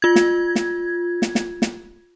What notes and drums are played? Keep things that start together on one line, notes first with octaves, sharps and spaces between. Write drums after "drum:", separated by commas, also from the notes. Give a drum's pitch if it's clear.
F4 G#6
drum: snare
drum: snare
drum: snare
drum: snare
drum: snare